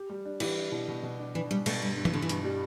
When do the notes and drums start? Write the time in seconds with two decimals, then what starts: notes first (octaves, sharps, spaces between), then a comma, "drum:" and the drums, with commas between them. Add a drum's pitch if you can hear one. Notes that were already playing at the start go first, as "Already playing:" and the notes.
Already playing: G4
0.09 G3
0.25 D4
0.40 E3 G4, drum: cymbal
0.57 D4
0.72 B2
0.88 B2
1.03 B2
1.19 D4
1.35 E3 D4
1.50 G3 D4
1.66 B2 A3, drum: cymbal
1.82 G2 G3
1.97 G2
2.05 E3, drum: tom
2.13 G2 D3
2.22 E3
2.29 G2, drum: hi-hat
2.44 G3